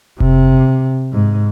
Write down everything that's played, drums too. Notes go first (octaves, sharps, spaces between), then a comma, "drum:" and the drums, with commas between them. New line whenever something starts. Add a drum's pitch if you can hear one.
C3, drum: kick F1
G#2